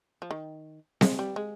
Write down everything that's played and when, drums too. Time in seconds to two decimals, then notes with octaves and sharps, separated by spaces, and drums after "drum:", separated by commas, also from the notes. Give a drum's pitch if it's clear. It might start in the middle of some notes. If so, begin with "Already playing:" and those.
0.22 F3
0.31 D#3
1.01 G#3, drum: snare C4
1.19 G3
1.36 G#3